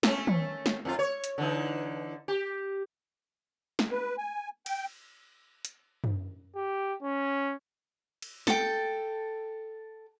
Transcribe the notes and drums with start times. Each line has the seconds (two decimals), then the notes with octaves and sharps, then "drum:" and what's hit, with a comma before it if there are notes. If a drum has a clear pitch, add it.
0.03 A3 C#4, drum: snare
0.27 drum: tom
0.66 drum: snare
0.85 F2 C#4 F4
0.99 C#5
1.24 drum: hi-hat
1.38 D3 E3 D#4
2.28 G4
3.79 drum: snare
3.92 B4
4.18 G#5
4.66 G5, drum: cymbal
5.65 drum: hi-hat
6.04 drum: tom F#2
6.56 G4
7.03 C#4
8.22 drum: cymbal
8.47 A4 G5, drum: snare